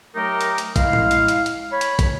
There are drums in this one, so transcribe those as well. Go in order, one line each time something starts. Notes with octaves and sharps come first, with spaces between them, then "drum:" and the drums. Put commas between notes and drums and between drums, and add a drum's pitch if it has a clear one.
F#3 A3 D#4 G4 A#4
drum: hi-hat
drum: hi-hat
G#3 E4 F5, drum: kick, hi-hat
drum: tom A2
drum: hi-hat
drum: hi-hat
drum: hi-hat
C#5 B5
drum: hi-hat
drum: kick, hi-hat